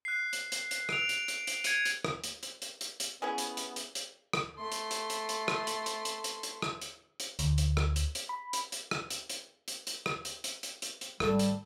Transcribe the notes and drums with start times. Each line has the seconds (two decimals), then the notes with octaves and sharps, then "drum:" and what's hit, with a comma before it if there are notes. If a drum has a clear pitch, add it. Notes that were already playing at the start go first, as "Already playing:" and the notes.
0.05 F#6 C7
0.33 drum: hi-hat
0.52 drum: hi-hat
0.71 drum: hi-hat
0.89 D7 F7, drum: rim click
1.09 drum: hi-hat
1.28 drum: hi-hat
1.47 drum: hi-hat
1.64 G#6 C#7 D#7, drum: hi-hat
1.85 drum: hi-hat
2.05 drum: rim click
2.24 drum: hi-hat
2.43 drum: hi-hat
2.62 drum: hi-hat
2.81 drum: hi-hat
3.00 drum: hi-hat
3.22 B3 C#4 E4 G#4
3.38 drum: hi-hat
3.57 drum: hi-hat
3.76 drum: hi-hat
3.95 drum: hi-hat
4.33 drum: rim click
4.57 A3 C6
4.72 drum: hi-hat
4.91 drum: hi-hat
5.10 drum: hi-hat
5.29 drum: hi-hat
5.48 drum: rim click
5.67 drum: hi-hat
5.86 drum: hi-hat
6.05 drum: hi-hat
6.24 drum: hi-hat
6.43 drum: hi-hat
6.62 drum: rim click
6.82 drum: hi-hat
7.20 drum: hi-hat
7.39 D2, drum: hi-hat
7.58 drum: hi-hat
7.77 drum: rim click
7.96 drum: hi-hat
8.15 drum: hi-hat
8.29 B5
8.53 drum: hi-hat
8.72 drum: hi-hat
8.91 drum: rim click
9.10 drum: hi-hat
9.30 drum: hi-hat
9.68 drum: hi-hat
9.87 drum: hi-hat
10.06 drum: rim click
10.25 drum: hi-hat
10.44 drum: hi-hat
10.63 drum: hi-hat
10.82 drum: hi-hat
11.01 drum: hi-hat
11.20 G#1 G3 A3 A5, drum: rim click
11.39 drum: hi-hat